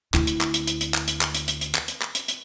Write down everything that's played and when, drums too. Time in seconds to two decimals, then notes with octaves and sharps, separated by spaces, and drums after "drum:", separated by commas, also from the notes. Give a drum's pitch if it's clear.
0.14 D2 E4, drum: clap
0.27 drum: hi-hat
0.41 drum: clap
0.54 drum: hi-hat
0.67 drum: hi-hat
0.81 drum: hi-hat
0.94 drum: clap
1.08 drum: hi-hat
1.21 drum: clap
1.35 drum: hi-hat
1.48 drum: hi-hat
1.61 drum: hi-hat
1.75 drum: clap
1.88 drum: hi-hat
2.02 drum: clap
2.15 drum: hi-hat
2.28 drum: hi-hat